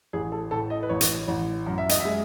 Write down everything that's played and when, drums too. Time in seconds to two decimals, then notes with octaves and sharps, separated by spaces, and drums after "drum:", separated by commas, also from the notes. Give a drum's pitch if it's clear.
0.13 A1 G#4
0.32 A4
0.51 A2 A4
0.70 D#5
0.83 B4
0.89 A1 C#5
1.01 drum: hi-hat
1.28 A1
1.67 F#2
1.78 E5
1.89 D#5, drum: hi-hat
2.00 E5
2.05 G#3